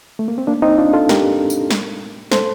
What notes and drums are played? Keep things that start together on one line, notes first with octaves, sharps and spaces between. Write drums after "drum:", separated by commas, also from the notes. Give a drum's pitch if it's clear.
A3
A#3
C4
A#3 D4
C4 D#4
D4 F4
F4 A4
G4 A#4, drum: snare
drum: tambourine
drum: snare
A4 C5, drum: snare